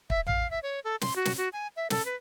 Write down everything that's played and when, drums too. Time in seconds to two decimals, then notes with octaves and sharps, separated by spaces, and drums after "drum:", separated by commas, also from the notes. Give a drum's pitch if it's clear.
0.10 E5, drum: kick
0.27 F5, drum: tom A1
0.51 E5
0.63 C#5
0.84 A4
1.01 C6, drum: snare
1.16 F#4
1.25 drum: snare
1.38 F#4
1.53 G#5
1.76 E5
1.90 A4, drum: snare
2.05 B4